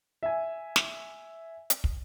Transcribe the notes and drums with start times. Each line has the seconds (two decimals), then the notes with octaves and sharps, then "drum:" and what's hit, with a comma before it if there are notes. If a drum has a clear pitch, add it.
0.23 E5 G#5
0.76 drum: snare
1.70 drum: hi-hat
1.84 drum: kick